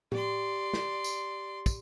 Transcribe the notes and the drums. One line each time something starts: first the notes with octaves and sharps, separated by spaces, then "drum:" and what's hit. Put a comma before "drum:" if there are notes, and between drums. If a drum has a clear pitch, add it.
G4 D5 C6, drum: tom A2
drum: snare
drum: tambourine
drum: kick, tambourine